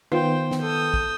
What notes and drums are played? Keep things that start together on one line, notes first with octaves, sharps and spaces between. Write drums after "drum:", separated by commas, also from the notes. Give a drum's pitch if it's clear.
D#3 B3 D#4 F4 C5 G5
drum: snare
A4 D#6 E6 G6
drum: kick